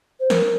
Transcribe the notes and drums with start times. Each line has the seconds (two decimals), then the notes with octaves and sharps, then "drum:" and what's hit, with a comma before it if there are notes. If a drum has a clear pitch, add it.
0.20 C5
0.30 A#4, drum: snare